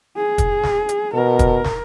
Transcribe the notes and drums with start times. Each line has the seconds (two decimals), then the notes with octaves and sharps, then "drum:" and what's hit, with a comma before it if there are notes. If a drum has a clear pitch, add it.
0.16 G#4
0.38 drum: kick, hi-hat
0.63 drum: snare
0.89 drum: hi-hat
1.14 B2 A#4
1.39 drum: kick, hi-hat
1.64 drum: snare